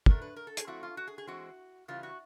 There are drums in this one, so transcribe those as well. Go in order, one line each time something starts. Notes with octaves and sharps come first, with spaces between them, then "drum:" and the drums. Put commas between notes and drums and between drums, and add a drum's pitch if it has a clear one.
D3 F#3 A3 A#4, drum: kick
B4
A#4
A4
G#4, drum: hi-hat
F3 A3 C4 E4 F#4
F4
F#4
G#4
G#4
E3 G#3 C4 F#4
C#3 E3 G3 F4
F#4